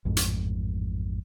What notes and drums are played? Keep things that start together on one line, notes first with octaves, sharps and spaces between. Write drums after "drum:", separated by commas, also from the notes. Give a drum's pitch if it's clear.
A1 F2 G#2
drum: hi-hat